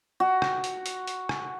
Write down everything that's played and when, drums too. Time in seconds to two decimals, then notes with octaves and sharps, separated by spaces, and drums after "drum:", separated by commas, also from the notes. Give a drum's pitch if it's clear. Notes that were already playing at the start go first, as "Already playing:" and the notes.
0.20 F#4
0.42 drum: rim click
0.64 drum: hi-hat
0.86 drum: hi-hat
1.07 drum: hi-hat
1.29 drum: rim click